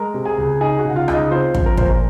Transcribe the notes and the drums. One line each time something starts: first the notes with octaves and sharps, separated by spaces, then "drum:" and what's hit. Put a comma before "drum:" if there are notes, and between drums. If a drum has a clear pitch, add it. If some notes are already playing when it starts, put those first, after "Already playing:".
Already playing: G#3 A#4 A#5
C3
G#4 G#5
C#2
D#4 G#4 G#5
F#4 F#5
C#3
F#5
F4 F5
C#2, drum: rim click
D#4 D#5
C4 F4 C5
F3, drum: kick
A#4
A#2 C5, drum: kick
A#4